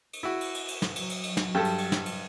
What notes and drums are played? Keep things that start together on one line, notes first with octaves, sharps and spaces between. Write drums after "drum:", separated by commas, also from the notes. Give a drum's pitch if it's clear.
drum: cymbal
E4 F#4
drum: cymbal
drum: cymbal
drum: cymbal
drum: snare
F#3, drum: cymbal
drum: cymbal
drum: cymbal
drum: snare
G2 G4 A4 A5
drum: cymbal
drum: cymbal
drum: snare
drum: cymbal